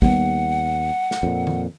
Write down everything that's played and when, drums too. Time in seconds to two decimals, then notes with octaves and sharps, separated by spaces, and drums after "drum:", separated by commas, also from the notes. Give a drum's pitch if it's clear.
0.02 D#2 G3 G#3 B3 F#5, drum: kick
1.11 drum: snare
1.23 F2 A#2
1.47 drum: tom